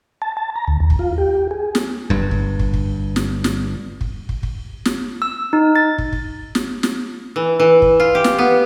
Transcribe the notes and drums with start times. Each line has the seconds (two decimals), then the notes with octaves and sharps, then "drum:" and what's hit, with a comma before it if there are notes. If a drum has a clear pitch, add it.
0.22 A5
0.37 A5
0.56 A#5
0.68 D2
0.80 D#2
0.90 drum: kick
0.99 F4
1.18 G4
1.51 G#4
1.75 drum: snare
2.10 G1 G2
2.31 drum: kick
2.59 drum: kick
2.74 drum: kick
3.16 drum: snare
3.44 drum: snare
4.01 drum: kick
4.29 drum: kick
4.43 drum: kick
4.85 drum: snare
5.22 E6
5.53 D#4
5.76 A6
5.98 drum: kick
6.13 drum: kick
6.55 drum: snare
6.83 drum: snare
7.36 E3
7.60 E3
7.82 drum: kick
8.00 F4
8.15 G4
8.24 drum: snare
8.38 B3